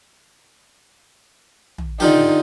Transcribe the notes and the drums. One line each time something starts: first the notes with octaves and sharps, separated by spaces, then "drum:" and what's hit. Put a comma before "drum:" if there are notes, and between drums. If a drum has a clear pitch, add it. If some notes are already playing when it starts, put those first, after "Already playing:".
drum: tom
D3 D#4 F4 G4, drum: tom